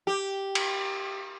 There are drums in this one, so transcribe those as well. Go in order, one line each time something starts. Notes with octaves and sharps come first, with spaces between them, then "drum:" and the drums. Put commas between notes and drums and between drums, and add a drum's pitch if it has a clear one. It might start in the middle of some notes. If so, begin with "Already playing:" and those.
G4
drum: cymbal